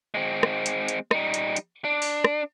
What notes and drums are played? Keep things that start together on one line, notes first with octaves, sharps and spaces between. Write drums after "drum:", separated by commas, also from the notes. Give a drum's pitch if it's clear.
G#3 C4
drum: rim click
drum: hi-hat
drum: hi-hat
G3 D#4, drum: rim click
drum: hi-hat
drum: hi-hat
D4
drum: open hi-hat
drum: rim click